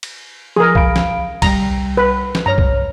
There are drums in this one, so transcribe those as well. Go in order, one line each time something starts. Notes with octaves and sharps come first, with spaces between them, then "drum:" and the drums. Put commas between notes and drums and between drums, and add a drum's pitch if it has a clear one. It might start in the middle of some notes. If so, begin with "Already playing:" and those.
drum: cymbal
F3 G#4 A#4
F5 B5 D7, drum: kick C2
drum: snare
C2 G3 G5 A#5, drum: kick C2, cymbal
B4
drum: snare
G2 C#5 A#5 F6
drum: kick C2